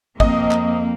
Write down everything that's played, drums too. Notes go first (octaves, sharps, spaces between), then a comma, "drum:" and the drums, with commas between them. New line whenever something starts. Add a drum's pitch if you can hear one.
F2 A#3 C4 D#5, drum: kick
drum: clap